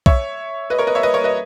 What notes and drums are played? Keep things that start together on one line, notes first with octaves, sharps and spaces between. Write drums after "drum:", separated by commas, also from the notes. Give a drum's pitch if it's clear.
C#5 E5, drum: kick B1
B4 D#5
A#4 C#5
B4 D#5
C#5 E5
B4 D#5
A#4 C#5
B4 D#5